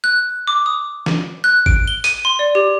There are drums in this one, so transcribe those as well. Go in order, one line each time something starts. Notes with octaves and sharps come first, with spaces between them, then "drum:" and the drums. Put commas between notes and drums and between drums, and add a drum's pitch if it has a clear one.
F#6
D6
D#6
drum: snare
F#6
D7, drum: kick G#1
G7
D#7, drum: hi-hat
C6
D5
G4